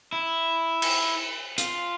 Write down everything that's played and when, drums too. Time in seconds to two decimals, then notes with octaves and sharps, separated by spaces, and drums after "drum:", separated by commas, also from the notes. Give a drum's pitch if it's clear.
0.13 E4
0.82 drum: cymbal
1.58 F4, drum: hi-hat